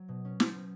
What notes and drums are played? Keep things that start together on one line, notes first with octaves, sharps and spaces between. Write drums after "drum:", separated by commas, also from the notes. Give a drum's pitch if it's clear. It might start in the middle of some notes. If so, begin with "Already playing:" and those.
Already playing: F#3
B2
C#4
F#3, drum: snare
B3